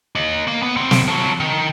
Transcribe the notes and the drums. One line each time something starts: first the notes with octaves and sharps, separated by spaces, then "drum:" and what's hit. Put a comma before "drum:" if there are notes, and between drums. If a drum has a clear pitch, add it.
A#3 D#5
A#3
B3
D#2 C4
drum: snare
F3 F#3
D#3